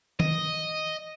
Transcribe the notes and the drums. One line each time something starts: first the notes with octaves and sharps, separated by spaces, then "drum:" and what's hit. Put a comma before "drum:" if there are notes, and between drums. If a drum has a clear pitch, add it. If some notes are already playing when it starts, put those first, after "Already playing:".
D#5, drum: tom